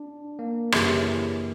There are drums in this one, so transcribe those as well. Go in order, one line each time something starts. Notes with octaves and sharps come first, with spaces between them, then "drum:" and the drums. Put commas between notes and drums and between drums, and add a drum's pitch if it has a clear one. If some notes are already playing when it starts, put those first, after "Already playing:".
Already playing: D4
A#3
F#2 C#3 E3 G3, drum: rim click